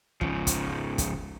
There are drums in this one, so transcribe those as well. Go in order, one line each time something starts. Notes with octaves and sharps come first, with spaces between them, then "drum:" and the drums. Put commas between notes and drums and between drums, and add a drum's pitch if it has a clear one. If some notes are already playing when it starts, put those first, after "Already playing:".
G#2 C#3 F3, drum: kick
drum: kick, hi-hat
drum: kick, hi-hat